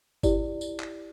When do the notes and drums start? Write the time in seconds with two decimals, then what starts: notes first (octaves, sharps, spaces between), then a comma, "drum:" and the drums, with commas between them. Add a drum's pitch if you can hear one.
0.23 E4 G4 D5, drum: kick G1, tambourine
0.61 drum: tambourine
0.80 drum: clap